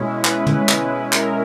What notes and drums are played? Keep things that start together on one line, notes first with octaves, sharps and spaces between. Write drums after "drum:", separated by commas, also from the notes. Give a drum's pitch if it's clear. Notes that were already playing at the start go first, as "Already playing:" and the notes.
Already playing: B2 G#3 C#4 E4
B4, drum: clap
drum: tom
drum: clap
A#4, drum: clap